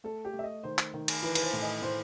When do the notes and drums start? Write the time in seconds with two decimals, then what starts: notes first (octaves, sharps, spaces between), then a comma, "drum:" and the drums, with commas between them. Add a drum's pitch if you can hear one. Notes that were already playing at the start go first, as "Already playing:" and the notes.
0.04 A3 A4
0.25 G4
0.33 A3
0.39 E5
0.44 D#5
0.63 D#3 C5
0.78 drum: clap
0.94 D#3
1.08 drum: cymbal
1.22 E3 B4
1.35 B4, drum: cymbal
1.42 C5
1.53 A2
1.62 D#5
1.82 A2 C5